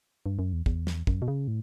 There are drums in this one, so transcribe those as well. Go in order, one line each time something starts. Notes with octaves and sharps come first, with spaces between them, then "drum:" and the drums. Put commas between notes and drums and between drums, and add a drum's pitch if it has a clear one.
G2
F#2
E2
E2, drum: kick
drum: snare
F#2, drum: kick
B2
C#3
A2